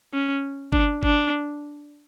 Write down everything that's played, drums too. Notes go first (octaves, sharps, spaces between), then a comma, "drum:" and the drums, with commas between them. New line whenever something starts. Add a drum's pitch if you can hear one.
C#4
D4, drum: kick G1
D4, drum: kick G1